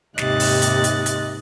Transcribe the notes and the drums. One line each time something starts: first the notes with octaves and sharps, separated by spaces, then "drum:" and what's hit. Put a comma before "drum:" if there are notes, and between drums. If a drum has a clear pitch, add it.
D#2 G#2 C3 D#5 F#6 A6, drum: snare
drum: open hi-hat
drum: hi-hat
drum: hi-hat
drum: hi-hat